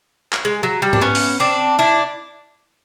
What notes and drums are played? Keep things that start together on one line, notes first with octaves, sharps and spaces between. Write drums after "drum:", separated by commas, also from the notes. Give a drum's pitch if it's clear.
drum: clap
G#3
F#3
G3
D4, drum: tom G#2
B3 C#4
drum: open hi-hat
C4 D4
D4 E4